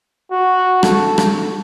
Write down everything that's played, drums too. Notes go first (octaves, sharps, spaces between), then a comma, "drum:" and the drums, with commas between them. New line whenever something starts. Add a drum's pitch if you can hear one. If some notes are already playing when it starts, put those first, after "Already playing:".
F#4
A4, drum: rim click
drum: rim click